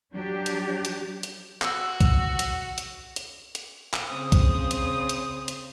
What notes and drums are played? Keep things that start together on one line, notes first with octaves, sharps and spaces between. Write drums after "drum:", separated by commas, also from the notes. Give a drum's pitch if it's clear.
F#3 D4 G4
drum: hi-hat
drum: hi-hat
drum: hi-hat
F#4 E6, drum: clap
drum: kick, hi-hat
drum: hi-hat
drum: hi-hat
drum: hi-hat
drum: hi-hat
drum: clap
C#3 C4 D#6
drum: kick, hi-hat
drum: hi-hat
drum: hi-hat
drum: hi-hat